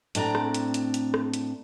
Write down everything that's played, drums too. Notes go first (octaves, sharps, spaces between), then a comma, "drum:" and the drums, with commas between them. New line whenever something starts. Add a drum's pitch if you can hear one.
A2 C4 D4 A#5, drum: hi-hat
drum: rim click
drum: hi-hat
drum: hi-hat
drum: hi-hat
drum: rim click
drum: hi-hat